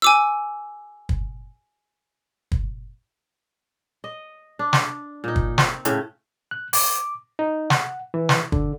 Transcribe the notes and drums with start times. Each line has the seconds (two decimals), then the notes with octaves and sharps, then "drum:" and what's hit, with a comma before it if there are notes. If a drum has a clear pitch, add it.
0.02 G#5 D6 E6
1.09 drum: kick
2.52 drum: kick
4.04 D#5
4.59 D4
4.73 drum: snare
5.24 A#2 D#4
5.36 drum: kick
5.58 C4, drum: snare
5.85 A2 C#3 A3 C#4, drum: hi-hat
6.51 F#6
6.73 D6, drum: open hi-hat
7.39 D#4
7.70 F#5, drum: snare
8.14 E3
8.29 drum: snare
8.52 D3, drum: kick